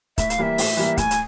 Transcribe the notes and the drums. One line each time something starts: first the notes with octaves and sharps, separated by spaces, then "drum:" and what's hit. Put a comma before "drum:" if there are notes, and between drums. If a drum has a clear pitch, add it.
A2 E5, drum: kick C#1, hi-hat
F5, drum: hi-hat
E3 G3 A#3 E5
A2, drum: open hi-hat
E3 G3 A#3
A2 G#5, drum: kick C#1, hi-hat
drum: hi-hat